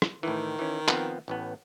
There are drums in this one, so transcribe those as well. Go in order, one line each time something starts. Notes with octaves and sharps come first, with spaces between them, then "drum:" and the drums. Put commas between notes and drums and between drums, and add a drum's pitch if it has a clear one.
drum: rim click
A2 D#3 E3
E3 C#4
F3 B3 C4, drum: clap
A1 A2 B3